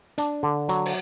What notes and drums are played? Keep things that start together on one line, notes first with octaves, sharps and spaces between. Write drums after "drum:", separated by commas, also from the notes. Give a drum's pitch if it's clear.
D4, drum: hi-hat
D3
F#3, drum: hi-hat
drum: open hi-hat